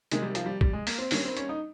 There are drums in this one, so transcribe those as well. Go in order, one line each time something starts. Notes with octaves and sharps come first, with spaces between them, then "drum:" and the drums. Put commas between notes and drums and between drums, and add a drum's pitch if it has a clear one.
C3 D#3 G#3 A#3 D#4, drum: hi-hat
G3
F3, drum: hi-hat
G3
G3, drum: kick
G#3
A#3, drum: open hi-hat
C4
G2 D#3 G3 A#3 C#4, drum: open hi-hat
C4
C#4, drum: hi-hat
D#4